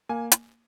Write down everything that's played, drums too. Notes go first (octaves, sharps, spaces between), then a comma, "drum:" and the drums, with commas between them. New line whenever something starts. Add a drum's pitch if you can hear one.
A#3 G#5
drum: hi-hat